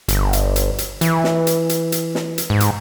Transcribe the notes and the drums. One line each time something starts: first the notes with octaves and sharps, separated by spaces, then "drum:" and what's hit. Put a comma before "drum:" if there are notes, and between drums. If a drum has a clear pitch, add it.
G1, drum: hi-hat
drum: hi-hat
drum: hi-hat
drum: hi-hat
E3, drum: hi-hat
drum: snare
drum: hi-hat
drum: hi-hat
drum: hi-hat
drum: snare
drum: hi-hat
G#2
drum: hi-hat